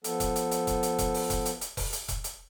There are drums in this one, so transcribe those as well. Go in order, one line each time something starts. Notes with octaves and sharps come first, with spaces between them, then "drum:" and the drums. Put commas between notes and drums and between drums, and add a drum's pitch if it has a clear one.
F3 B3 A4, drum: hi-hat
drum: kick E1, hi-hat
drum: hi-hat
drum: hi-hat
drum: kick E1, hi-hat
drum: hi-hat
drum: kick E1, hi-hat
drum: open hi-hat
drum: kick E1, hi-hat
drum: hi-hat
drum: hi-hat
drum: kick E1, open hi-hat
drum: hi-hat
drum: kick E1, hi-hat
drum: hi-hat